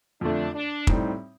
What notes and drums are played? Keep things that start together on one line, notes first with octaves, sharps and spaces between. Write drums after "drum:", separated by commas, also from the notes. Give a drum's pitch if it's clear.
F2 D3 A3 D4
D4
A2 G3 C4 D#4, drum: kick